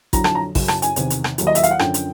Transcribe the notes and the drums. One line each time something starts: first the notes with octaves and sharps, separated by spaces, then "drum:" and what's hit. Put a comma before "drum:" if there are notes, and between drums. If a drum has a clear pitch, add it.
F2 D3 F#3 A#5, drum: kick A1, hi-hat
A5, drum: rim click
A#5
F#2 C#3 F#3, drum: kick A1, open hi-hat
A5, drum: rim click
G#5, drum: hi-hat
E2 C3 D#3, drum: hi-hat
drum: hi-hat
drum: rim click
D#2 D#3 F#3, drum: hi-hat
D#5
E5, drum: hi-hat
F5, drum: hi-hat
F#5
F#2 D3 F3 G5, drum: rim click
drum: hi-hat